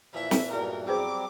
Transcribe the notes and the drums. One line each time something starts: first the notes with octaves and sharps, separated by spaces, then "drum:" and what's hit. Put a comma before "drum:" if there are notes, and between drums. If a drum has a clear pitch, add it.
A#2 E3 F3 E4 E5
drum: snare
B1 E2 G2 A#4
F#3 G3 C4 G#4 B4 C5 D6